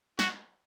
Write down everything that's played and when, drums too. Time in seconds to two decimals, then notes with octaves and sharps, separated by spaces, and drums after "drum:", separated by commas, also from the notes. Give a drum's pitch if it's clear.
0.19 F#4, drum: snare